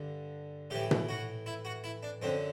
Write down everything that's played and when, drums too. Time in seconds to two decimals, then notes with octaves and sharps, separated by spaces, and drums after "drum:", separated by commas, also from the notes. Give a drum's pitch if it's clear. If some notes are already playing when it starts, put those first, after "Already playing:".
Already playing: G2 D3
0.70 A2 E3 G4
0.91 drum: tom B2
1.09 F#4
1.46 E4
1.65 F#4
1.84 E4
2.03 D4
2.22 F#2 D3 C4